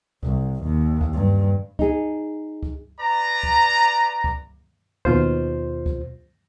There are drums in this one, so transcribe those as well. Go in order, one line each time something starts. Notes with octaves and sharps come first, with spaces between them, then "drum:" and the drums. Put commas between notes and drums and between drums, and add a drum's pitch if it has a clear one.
C2, drum: kick C#2
D#2
drum: kick C#2
G2
D#4 G#4, drum: kick C#2
drum: kick C#2
B4 D5 A#5
drum: kick C#2
drum: kick C#2
D#2 B2 F4 C5, drum: kick C#2
drum: kick C#2